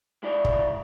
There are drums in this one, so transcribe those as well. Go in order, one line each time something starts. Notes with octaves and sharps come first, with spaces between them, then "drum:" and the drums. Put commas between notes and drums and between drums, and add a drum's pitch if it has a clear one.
G#3 E4 D5
drum: kick